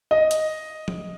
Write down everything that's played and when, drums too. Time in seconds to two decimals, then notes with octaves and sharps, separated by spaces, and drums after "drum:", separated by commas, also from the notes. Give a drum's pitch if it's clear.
0.11 D#5
0.31 drum: hi-hat
0.88 drum: tom F3